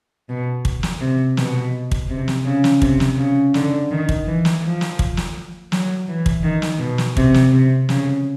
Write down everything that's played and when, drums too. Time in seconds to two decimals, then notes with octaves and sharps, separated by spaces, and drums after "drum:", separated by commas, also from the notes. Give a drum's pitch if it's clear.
0.29 B2
0.65 drum: kick
0.83 drum: snare
1.01 C3
1.37 B2, drum: snare
1.91 drum: kick
2.10 C3
2.28 drum: snare
2.45 C#3
2.64 drum: snare
2.82 C3, drum: kick
3.00 drum: snare
3.18 C#3
3.54 D3, drum: snare
3.91 D#3
4.09 drum: kick
4.26 E3
4.45 drum: snare
4.63 F3
4.81 drum: snare
4.99 drum: kick
5.17 drum: snare
5.72 F#3, drum: snare
6.08 E3
6.26 drum: kick
6.44 D#3
6.62 drum: snare
6.79 B2
6.98 drum: snare
7.17 C3, drum: kick
7.34 drum: snare
7.52 C3
7.89 C#3, drum: snare